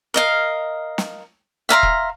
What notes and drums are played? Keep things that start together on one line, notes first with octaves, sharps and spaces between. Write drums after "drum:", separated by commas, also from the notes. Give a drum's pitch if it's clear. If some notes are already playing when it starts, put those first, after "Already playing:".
A#4 D#5 F5
drum: snare
E5 F5 A#5 C6
drum: kick E1